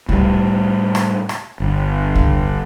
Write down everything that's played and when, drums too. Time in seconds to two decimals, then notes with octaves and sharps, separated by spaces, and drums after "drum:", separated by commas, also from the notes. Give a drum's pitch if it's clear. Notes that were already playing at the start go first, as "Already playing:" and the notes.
0.09 A2 G3, drum: kick C2
0.95 drum: rim click
1.29 drum: rim click
1.60 G1
2.15 drum: kick C2